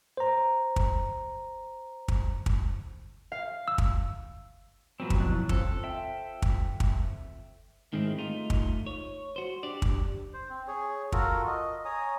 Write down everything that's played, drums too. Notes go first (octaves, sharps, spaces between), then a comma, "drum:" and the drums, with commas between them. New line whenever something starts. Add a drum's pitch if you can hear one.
C5 A#5
drum: kick
drum: kick
drum: kick
F5
E6
drum: kick
F3 F#3 B3 C4
drum: kick
B2 E3 F#6
C4 F4 A4, drum: kick
E5 G5
drum: kick
drum: kick
G#2 D#3 G#3 C4 E4
A3 D#4 F4
drum: kick
C#5
F#4 C5
D4 G4 D5
drum: kick
C5
C4
G#4 C#5
F4 F#4 A4 A#4, drum: kick
D#5
C#5 G#5 A#5 D#6